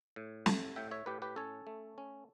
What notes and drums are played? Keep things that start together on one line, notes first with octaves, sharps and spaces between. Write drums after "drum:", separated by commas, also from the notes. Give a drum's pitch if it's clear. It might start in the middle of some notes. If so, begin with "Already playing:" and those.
A2
A3, drum: snare
A2 E5 G5
C#5 E5
A2 G4 B4
G4 B4
C#4 A4 C#5
A3
C#4